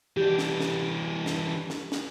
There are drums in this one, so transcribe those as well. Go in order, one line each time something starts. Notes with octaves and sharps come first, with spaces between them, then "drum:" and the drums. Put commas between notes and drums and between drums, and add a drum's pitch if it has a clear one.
E3 D4 G4
drum: snare
drum: snare
drum: snare
drum: snare
drum: snare